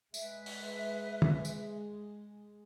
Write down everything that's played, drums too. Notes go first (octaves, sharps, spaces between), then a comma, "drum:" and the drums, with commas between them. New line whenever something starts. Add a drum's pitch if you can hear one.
G#3 B4 E5, drum: tambourine
drum: open hi-hat
drum: tom
drum: tambourine